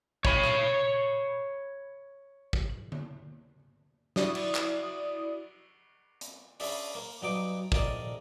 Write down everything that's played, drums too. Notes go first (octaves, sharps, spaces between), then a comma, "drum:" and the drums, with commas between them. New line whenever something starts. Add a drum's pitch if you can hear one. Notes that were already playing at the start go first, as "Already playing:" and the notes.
C#5 B5, drum: kick
drum: rim click
drum: kick
drum: tom D3
E4 F#4 D5 D#6, drum: snare
drum: cymbal
drum: clap
drum: hi-hat
C#4 D4 G#4 E5 G#5, drum: open hi-hat
A#3
G2 F#3 B3 D#4 D6
A#1 A2 A#3 D5 D#5 D#6, drum: kick